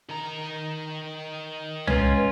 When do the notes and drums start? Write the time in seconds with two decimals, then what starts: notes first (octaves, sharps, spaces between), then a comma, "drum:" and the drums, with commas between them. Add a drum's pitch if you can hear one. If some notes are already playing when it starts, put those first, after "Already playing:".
0.09 D#3 A#5
1.87 G#3 C#4 F4 B4, drum: tom C2